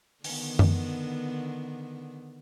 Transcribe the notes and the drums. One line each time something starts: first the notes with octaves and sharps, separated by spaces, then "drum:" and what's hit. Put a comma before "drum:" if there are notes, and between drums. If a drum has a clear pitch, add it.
D3 D#3 B3, drum: open hi-hat
drum: tom F#2